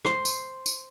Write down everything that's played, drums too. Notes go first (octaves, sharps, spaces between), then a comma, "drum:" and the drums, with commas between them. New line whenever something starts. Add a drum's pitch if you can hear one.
C5 C6, drum: rim click
drum: tambourine
drum: tambourine